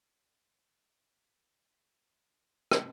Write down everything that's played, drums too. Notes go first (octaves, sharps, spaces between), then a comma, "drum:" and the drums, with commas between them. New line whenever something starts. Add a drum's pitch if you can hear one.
C#5
D5
C5
C#5
D#5
D5
D5
E5
D#5
E5
D#5
D5
E5
D#5
C#5
C5
drum: rim click